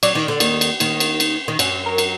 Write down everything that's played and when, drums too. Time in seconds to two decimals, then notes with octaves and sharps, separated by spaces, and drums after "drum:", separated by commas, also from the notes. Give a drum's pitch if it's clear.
0.03 F#3 D5, drum: cymbal
0.15 D#3
0.28 D3
0.40 D#2 D#3, drum: cymbal
0.61 drum: cymbal
0.80 D#2 D#3, drum: cymbal
1.00 drum: cymbal
1.20 drum: cymbal
1.48 D#3
1.59 F#2 F#3, drum: cymbal
1.86 A#4
1.98 drum: cymbal